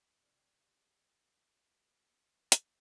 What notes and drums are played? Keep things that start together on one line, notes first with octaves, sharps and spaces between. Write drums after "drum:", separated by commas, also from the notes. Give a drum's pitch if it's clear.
C3 D#3 G3
drum: hi-hat